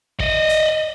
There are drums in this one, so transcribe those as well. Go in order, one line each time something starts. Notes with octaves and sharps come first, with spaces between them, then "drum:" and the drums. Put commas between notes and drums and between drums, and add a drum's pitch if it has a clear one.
D5 D#5, drum: kick
drum: hi-hat